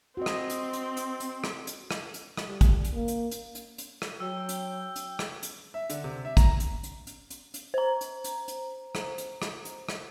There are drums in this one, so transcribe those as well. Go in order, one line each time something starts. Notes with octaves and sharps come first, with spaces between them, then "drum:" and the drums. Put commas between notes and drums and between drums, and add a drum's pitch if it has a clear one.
C4 F#4 D#5
drum: rim click
drum: hi-hat
drum: hi-hat
drum: hi-hat
drum: hi-hat
drum: rim click
drum: hi-hat
drum: rim click
drum: hi-hat
drum: rim click
G3
drum: kick, hi-hat
drum: hi-hat
A#3
drum: hi-hat
drum: hi-hat
drum: hi-hat
drum: hi-hat
drum: rim click
F#3 G5 E6
drum: hi-hat
drum: hi-hat
drum: rim click
drum: hi-hat
E5
D3, drum: hi-hat
C3
E5
A#5, drum: kick, hi-hat
drum: hi-hat
drum: hi-hat
drum: hi-hat
drum: hi-hat
drum: hi-hat
C5 A#5
drum: hi-hat
drum: hi-hat
drum: hi-hat
drum: rim click
drum: hi-hat
drum: rim click
drum: hi-hat
drum: rim click